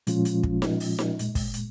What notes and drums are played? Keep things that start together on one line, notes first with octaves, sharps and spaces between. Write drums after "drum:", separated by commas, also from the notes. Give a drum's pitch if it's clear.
A#2 F3 G#3 C#4 F4, drum: hi-hat
drum: hi-hat
drum: kick
drum: snare D#4
drum: open hi-hat
drum: snare D#4
A#2 G#3, drum: hi-hat
drum: kick, open hi-hat
drum: hi-hat